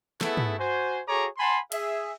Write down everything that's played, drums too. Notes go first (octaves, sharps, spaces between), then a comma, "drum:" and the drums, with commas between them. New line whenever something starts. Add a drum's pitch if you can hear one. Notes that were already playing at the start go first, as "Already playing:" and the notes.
A3 B3 E4 G#4 A4, drum: snare
drum: tom
F#4 C5 G#5
F#4 G#4 A4 C#5 A#5 D6
F#5 G#5 A5 B5 C6
G#4 E5, drum: cymbal